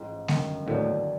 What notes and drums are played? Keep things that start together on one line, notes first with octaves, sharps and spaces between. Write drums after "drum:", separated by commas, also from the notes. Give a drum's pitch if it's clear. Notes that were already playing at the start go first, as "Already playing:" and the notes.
Already playing: A1 G#2 F3
G1 F#2 D#3, drum: snare G#3
D#2 A2 D3 F#3 B3 D4